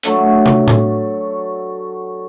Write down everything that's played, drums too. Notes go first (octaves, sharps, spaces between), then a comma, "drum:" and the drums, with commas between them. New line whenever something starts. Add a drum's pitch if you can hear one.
F#3 A3 D4 A4, drum: hi-hat
drum: tom
drum: tom A2